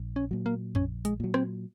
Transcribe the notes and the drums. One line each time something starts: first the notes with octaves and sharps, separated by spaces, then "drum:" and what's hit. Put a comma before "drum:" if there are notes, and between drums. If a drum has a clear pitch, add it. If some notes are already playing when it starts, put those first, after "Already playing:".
Already playing: A#1
C#4
A#2 F#3
A#3
A#1 C#4, drum: tom F2
G#3, drum: hi-hat
A#2 F#3
C4, drum: rim click